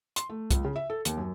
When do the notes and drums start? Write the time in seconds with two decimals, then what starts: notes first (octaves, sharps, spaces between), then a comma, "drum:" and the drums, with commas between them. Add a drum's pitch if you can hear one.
0.16 C6, drum: hi-hat
0.30 A3
0.51 C#2, drum: kick C2, hi-hat
0.64 C#3
0.76 E5
0.90 A4
1.05 D#2, drum: hi-hat
1.17 F#2